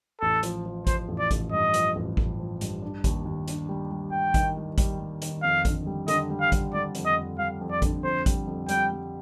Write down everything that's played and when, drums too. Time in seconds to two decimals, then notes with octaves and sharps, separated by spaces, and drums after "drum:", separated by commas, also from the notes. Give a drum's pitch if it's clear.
0.21 A1 A4
0.43 F3, drum: hi-hat
0.66 F3
0.87 F3 C5, drum: kick A1, hi-hat
1.08 A1
1.19 D5
1.31 A1, drum: kick A1, hi-hat
1.52 G2 D#5
1.74 F3, drum: hi-hat
1.95 A1
2.17 A1, drum: kick A1
2.39 F3
2.61 G2, drum: hi-hat
2.82 D4
3.04 D#2, drum: kick A1, hi-hat
3.25 D#2
3.48 D4, drum: hi-hat
3.69 G3
3.91 G3
4.12 G3 G5
4.34 D#3, drum: kick A1, hi-hat
4.57 G3
4.78 G3, drum: kick A1, hi-hat
5.00 G3
5.22 D#3, drum: hi-hat
5.43 F2 F5
5.65 D3, drum: kick A1, hi-hat
5.87 G3
6.08 D3 D#5, drum: hi-hat
6.30 G3
6.41 F5
6.52 G3, drum: kick A1, hi-hat
6.74 G3 D5
6.95 F2, drum: hi-hat
7.06 D#5
7.17 F2
7.39 G3 F5
7.61 F2
7.71 D5
7.82 D3, drum: kick A1, hi-hat
8.04 F2 C5
8.26 G3, drum: kick A1, hi-hat
8.47 F2
8.69 G3 G5, drum: hi-hat
8.91 G3